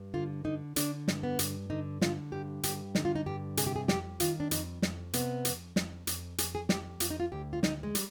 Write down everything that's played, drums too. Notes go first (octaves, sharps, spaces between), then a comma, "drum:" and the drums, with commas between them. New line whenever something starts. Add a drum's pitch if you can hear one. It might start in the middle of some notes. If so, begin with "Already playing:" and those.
Already playing: G2
D3 F4
D3 D#4
D3 D4, drum: hi-hat
G2, drum: snare
B3
G2, drum: hi-hat
D3 D#4
D3 F4, drum: snare
G2 G4
G2 G4, drum: hi-hat
D3 D#4, drum: snare
F4
D#4
G2 G4
C3 G#4, drum: hi-hat
G4
G#4
F2 G4, drum: snare
D#3 F4, drum: hi-hat
D4
F2 D#4, drum: hi-hat
F2, drum: snare
C3 B3, drum: hi-hat
F2, drum: hi-hat
F2, drum: snare
F2, drum: hi-hat
F2 G#4, drum: hi-hat
G#4
F2 G4, drum: snare
F2 F4, drum: hi-hat
D#4
F4
D2 G4
F4
D2 D#4, drum: snare
G#3
G3, drum: hi-hat